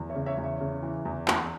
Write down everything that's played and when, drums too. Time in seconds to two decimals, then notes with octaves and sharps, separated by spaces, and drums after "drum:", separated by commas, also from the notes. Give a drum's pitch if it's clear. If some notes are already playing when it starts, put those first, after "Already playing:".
Already playing: E2
0.09 C#5 E5
0.15 C#3
0.26 C#5 E5
0.38 E2
0.44 C#5 E5
0.60 C#3
0.83 E3
1.05 E2
1.28 E2, drum: clap